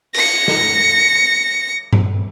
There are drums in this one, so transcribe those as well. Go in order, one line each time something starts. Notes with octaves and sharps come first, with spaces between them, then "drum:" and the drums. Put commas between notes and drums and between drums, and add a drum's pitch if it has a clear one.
A#6 C#7, drum: cymbal
drum: snare
drum: tom G2